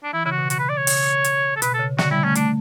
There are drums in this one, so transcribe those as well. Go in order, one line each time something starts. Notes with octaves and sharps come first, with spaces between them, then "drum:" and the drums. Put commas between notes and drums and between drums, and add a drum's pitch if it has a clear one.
D4
E3 E4
C#3 E4
F#4
B2
F#4, drum: hi-hat
B4
D5
C#5
C#3, drum: open hi-hat
drum: hi-hat
A4
B2 B4, drum: hi-hat
A4
C#3
D3 F#4, drum: snare
G3 E4
A3 C#4
A3 D4, drum: hi-hat